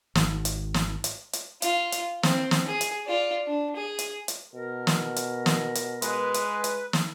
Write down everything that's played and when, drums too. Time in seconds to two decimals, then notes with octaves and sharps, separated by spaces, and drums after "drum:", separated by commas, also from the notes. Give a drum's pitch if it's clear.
0.15 G#1, drum: snare
0.45 drum: hi-hat
0.74 drum: snare
1.04 drum: hi-hat
1.33 drum: hi-hat
1.62 F4, drum: hi-hat
1.92 drum: hi-hat
2.23 C4, drum: snare
2.51 drum: snare
2.68 G#4
2.81 drum: hi-hat
3.06 F4 D5
3.46 D4
3.76 G#4
3.99 drum: hi-hat
4.28 drum: hi-hat
4.54 B2 A#4
4.87 drum: snare
5.16 drum: hi-hat
5.46 drum: snare
5.75 drum: hi-hat
6.02 G#3 B4, drum: hi-hat
6.34 drum: hi-hat
6.64 drum: hi-hat
6.93 drum: snare